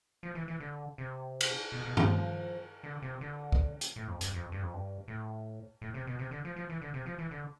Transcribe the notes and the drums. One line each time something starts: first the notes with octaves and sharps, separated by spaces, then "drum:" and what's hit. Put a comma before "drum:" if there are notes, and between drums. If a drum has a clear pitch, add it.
F3
E3
E3
D3
C3
drum: cymbal
B2
B2
F3, drum: tom G2
D3
C3
D3
drum: kick
drum: hi-hat
A2
F2
G2, drum: hi-hat
F2
G2
F2
G2
A2
A2
C3
B2
C3
D3
F3
F3
E3
D3
C3
F3
E3
D3